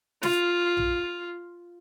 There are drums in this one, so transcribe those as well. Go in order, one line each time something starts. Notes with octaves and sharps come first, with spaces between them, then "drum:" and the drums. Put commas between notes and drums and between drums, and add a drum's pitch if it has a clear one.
F4, drum: snare
drum: tom A#1